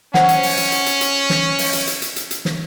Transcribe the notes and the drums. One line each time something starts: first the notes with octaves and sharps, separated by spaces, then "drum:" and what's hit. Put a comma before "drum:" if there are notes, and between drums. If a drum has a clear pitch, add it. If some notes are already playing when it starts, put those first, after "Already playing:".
C#4 C5 F#5, drum: snare
drum: hi-hat
drum: open hi-hat
drum: hi-hat
drum: hi-hat
drum: hi-hat
drum: hi-hat
drum: snare
drum: open hi-hat
drum: hi-hat
drum: hi-hat
drum: hi-hat
drum: hi-hat
drum: hi-hat
drum: snare